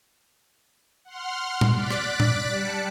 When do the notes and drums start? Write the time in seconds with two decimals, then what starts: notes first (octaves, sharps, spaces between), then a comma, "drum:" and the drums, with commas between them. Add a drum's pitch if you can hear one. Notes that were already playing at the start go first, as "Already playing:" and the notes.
1.05 F#5 C6 F6
1.61 drum: tom A#2
1.73 D5 F#6 A6 B6 D7
1.91 drum: rim click
2.20 drum: tom A#2
2.49 G3 A5 F#6 C#7